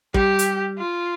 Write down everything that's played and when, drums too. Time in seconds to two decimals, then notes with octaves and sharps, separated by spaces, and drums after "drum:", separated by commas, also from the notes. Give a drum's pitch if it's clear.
0.14 G3 G4, drum: kick
0.39 drum: hi-hat
0.78 F4